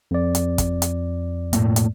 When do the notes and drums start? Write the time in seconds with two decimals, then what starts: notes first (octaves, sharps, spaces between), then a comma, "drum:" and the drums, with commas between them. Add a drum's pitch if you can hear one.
0.11 F2 D5
0.35 drum: hi-hat
0.58 drum: kick, hi-hat
0.82 drum: hi-hat
1.53 A2 A3 A#3, drum: hi-hat
1.76 drum: hi-hat